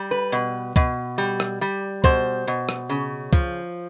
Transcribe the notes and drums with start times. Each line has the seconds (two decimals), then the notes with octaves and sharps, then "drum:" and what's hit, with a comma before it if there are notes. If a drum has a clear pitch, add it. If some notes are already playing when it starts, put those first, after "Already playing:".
Already playing: G3
0.11 B4
0.32 B2, drum: tambourine
0.76 B2, drum: kick, tambourine
1.18 G3, drum: tambourine
1.40 drum: rim click
1.61 G3, drum: tambourine
2.04 B2 C5, drum: kick, tambourine
2.47 B2, drum: tambourine
2.69 drum: rim click
2.90 C#3, drum: tambourine
3.33 F3, drum: kick, tambourine